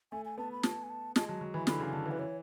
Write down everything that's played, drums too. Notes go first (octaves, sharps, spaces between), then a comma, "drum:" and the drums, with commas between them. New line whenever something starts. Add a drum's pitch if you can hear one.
A3 G#5
G#5
B3 A5
B5
A5, drum: snare
G#5
A5
G#3 A5, drum: snare
F#3 A5
F#3
E3 B5
D3 B5, drum: snare
C#3 G#5
D3 A5
E3
B4
C#5